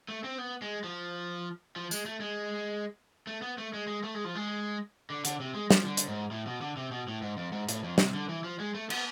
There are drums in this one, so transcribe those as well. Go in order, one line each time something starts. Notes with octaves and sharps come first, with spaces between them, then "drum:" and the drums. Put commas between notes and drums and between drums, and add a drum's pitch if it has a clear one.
A3
C4
B3
G#3
F3
F3
G#3, drum: tambourine
A3
G#3
A3
B3
A3
G#3
G#3
A3
G#3
F3
G#3
D3
D3, drum: hi-hat
C3
G#3
F3, drum: snare
D3
drum: hi-hat
G#2
A2
B2
D3
C3
B2
A2
G#2
F2
G#2
A2, drum: hi-hat
F2
C3, drum: snare
D3
E3
F3
G#3
A3
B3, drum: cymbal